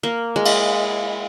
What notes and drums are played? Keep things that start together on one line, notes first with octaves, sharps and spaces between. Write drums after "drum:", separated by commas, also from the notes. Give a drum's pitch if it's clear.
A#3
G#3
drum: cymbal